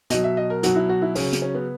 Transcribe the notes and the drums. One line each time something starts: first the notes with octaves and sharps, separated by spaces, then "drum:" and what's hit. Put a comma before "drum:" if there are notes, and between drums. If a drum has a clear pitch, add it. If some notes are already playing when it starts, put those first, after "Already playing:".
B2 F#3 D#5, drum: hi-hat
E5
D#5
A#4
B2 F#3 F#4, drum: hi-hat
E4
F#4
E4
C#3 F#3 C#4, drum: open hi-hat
drum: hi-hat
C#4
B3